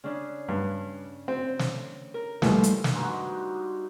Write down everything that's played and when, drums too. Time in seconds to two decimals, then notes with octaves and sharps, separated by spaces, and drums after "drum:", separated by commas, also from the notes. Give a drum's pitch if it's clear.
0.04 C#3 C#4 D4
0.48 G2
1.28 C4
1.59 drum: snare
2.14 A#4
2.42 D#2 E3 F3 G3 A3, drum: snare
2.63 drum: hi-hat
2.84 drum: snare
2.94 G2 G#3 D#4 F#4